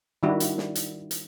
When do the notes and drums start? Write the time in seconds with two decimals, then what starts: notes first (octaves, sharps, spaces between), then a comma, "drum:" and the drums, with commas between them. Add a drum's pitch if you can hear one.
0.23 D#3 G3 D4 E4 F#4
0.40 drum: hi-hat
0.58 drum: snare
0.75 drum: hi-hat
1.11 drum: hi-hat